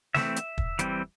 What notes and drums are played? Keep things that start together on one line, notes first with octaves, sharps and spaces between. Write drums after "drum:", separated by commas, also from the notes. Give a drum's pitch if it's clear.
E3 A3 C4 E5, drum: snare
drum: hi-hat
drum: kick
E3 G3 C4, drum: hi-hat